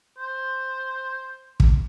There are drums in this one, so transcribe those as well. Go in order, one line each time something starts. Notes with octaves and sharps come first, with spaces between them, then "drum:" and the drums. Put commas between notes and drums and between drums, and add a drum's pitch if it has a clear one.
C5
drum: kick